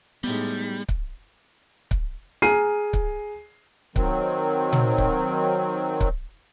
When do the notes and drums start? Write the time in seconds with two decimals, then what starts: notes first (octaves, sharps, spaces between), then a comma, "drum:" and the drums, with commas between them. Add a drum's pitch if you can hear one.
0.24 A2 G3 G#3 B3 D#4
0.89 drum: kick C#1
1.91 drum: kick C#1
2.42 G#4 G#5 A#5 F6 C7 D#7
2.93 drum: kick C#1
3.96 D#3 F#3 C4, drum: kick C#1
4.73 drum: tom A#2
4.98 drum: kick C#1
6.01 drum: kick C#1